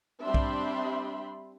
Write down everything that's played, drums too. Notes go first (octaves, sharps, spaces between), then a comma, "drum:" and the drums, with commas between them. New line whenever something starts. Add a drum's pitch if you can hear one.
G3 C4 D4 E5 B5 C6
drum: kick